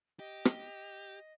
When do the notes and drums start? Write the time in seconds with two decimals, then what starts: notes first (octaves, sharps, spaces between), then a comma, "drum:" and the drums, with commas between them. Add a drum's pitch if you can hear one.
0.19 G4 D#5
0.45 drum: rim click